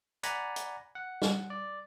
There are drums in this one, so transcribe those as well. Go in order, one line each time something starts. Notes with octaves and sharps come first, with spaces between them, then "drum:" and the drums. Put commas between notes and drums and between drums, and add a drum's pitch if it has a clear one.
D5 F#5 G#5 A#5 B5, drum: hi-hat
drum: hi-hat
F#5
drum: snare
D5